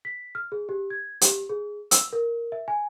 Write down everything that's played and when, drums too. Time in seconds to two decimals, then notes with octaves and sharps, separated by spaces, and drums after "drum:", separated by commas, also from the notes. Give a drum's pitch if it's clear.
0.05 B6
0.35 F6
0.52 G#4
0.69 G4
0.90 G#6
1.21 G4, drum: hi-hat
1.49 G#4
1.91 E6, drum: hi-hat
2.13 A#4
2.52 E5
2.68 G#5